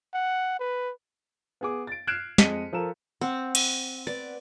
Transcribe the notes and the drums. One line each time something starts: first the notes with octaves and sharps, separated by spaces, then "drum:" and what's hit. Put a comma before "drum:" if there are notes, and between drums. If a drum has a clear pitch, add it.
F#5
B4
B3 G#4 D6
A6 D7
F6 F#6 G#6 C7 D7 E7
F2 G#3 D#5 B6 C#7 D#7, drum: snare
F3 A4 A#4 E7
C4 F#5
drum: cymbal
B3 D5